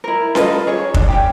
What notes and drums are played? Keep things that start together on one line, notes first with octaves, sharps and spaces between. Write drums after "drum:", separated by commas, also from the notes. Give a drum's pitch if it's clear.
E4 A#4
F4 A4 B4 D#5, drum: snare C#4
G#4 C#5
D4, drum: kick
C#4 G4